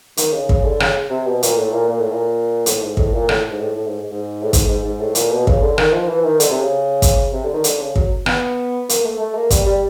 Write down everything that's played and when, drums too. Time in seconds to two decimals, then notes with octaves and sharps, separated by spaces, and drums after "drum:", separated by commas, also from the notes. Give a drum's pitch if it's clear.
0.17 D#3, drum: hi-hat
0.32 C#3
0.49 C#3, drum: kick
0.64 D3
0.80 C#3, drum: rim click
1.10 C3
1.27 B2
1.43 A#2, drum: hi-hat
1.57 A2
1.73 A#2
1.89 A#2
2.00 A2
2.12 A#2
2.66 A2, drum: hi-hat
2.83 G#2
2.97 A2, drum: kick
3.14 A#2
3.29 A2, drum: rim click
3.51 G#2
3.60 A2
3.76 A2
3.87 G#2
4.11 G#2
4.43 A2
4.53 G#2, drum: kick, hi-hat
4.68 G#2
4.84 G#2
5.00 A2
5.15 A#2, drum: hi-hat
5.31 B2
5.47 C#3, drum: kick
5.62 D3
5.78 D#3, drum: rim click
5.93 F3
6.08 E3
6.24 D#3
6.40 D3, drum: hi-hat
6.50 C3
6.61 C#3
7.02 drum: kick, hi-hat
7.33 C3
7.43 D3
7.54 D#3
7.64 D3, drum: hi-hat
7.80 C#3
7.96 F#3, drum: kick
8.26 B3, drum: rim click
8.89 A#3, drum: hi-hat
9.04 A3
9.20 A3
9.35 A#3
9.50 G3, drum: kick, hi-hat
9.66 G3